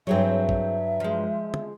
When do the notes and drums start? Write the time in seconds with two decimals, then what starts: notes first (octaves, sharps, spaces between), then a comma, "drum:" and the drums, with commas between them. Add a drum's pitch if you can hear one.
0.07 G2 F#3 C4 G#4 C#5 E5
0.49 drum: kick
1.00 F3 G#3
1.54 drum: tom